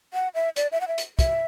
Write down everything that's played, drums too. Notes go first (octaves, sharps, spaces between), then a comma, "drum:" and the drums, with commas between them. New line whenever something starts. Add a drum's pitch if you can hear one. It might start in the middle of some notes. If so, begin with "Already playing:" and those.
F#5
E5
D5, drum: hi-hat
E5
F#5
E5
drum: hi-hat
E5, drum: kick, hi-hat